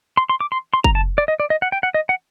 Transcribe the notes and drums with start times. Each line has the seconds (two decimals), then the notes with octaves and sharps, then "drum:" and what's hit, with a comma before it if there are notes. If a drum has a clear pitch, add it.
0.17 C6
0.29 C6
0.40 D6
0.52 C6
0.74 C6
0.84 A#5, drum: kick
0.95 A5
1.18 D5
1.28 D#5
1.40 D5
1.50 D#5
1.62 F#5
1.72 G5
1.83 F#5
1.94 D#5
2.09 F#5